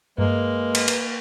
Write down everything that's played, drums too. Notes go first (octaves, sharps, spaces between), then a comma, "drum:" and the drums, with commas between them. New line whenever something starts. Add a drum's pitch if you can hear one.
G2 G#3 A#3 B4
drum: cymbal
drum: cymbal